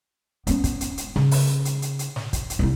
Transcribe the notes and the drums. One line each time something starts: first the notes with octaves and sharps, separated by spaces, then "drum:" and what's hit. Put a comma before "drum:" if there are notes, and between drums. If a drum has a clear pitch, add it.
B3 C#4, drum: hi-hat
drum: kick, hi-hat
drum: hi-hat
drum: hi-hat
C#3, drum: snare
drum: open hi-hat
drum: hi-hat
drum: hi-hat
drum: hi-hat
drum: snare
drum: kick, hi-hat
drum: hi-hat
C2 E4